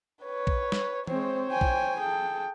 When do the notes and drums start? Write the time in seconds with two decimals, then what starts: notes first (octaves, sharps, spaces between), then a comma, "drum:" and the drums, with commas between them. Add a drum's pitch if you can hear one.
0.24 B4 C#5
0.47 drum: kick B1
0.72 drum: snare
1.07 G#3 C4 C5 C#5, drum: tom E3
1.49 G5 G#5
1.61 drum: kick B1
1.99 G#4 A4 G5